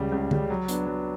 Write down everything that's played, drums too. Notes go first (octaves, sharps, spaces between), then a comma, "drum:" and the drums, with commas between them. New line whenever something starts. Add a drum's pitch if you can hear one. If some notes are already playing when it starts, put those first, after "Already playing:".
Already playing: C#2 C#3 G3
C#2
C#3 G3, drum: tom D3
F#3
B3 D4, drum: hi-hat
F#3